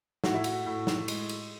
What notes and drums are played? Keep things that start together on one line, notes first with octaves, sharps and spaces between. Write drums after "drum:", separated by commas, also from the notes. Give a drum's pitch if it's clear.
A2 F#4, drum: snare
E4
F#4, drum: cymbal
A2
drum: snare
G#3, drum: cymbal
drum: cymbal